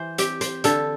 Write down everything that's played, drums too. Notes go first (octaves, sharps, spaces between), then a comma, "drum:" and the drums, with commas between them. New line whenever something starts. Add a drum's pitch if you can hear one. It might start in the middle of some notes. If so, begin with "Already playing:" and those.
Already playing: E3 C5
C4 G4, drum: hi-hat
C5, drum: hi-hat
D3 A4, drum: hi-hat